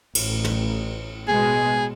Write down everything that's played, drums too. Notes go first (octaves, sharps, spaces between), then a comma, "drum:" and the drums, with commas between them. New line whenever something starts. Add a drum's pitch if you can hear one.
A1, drum: cymbal
drum: tom
B2 G#3 G#4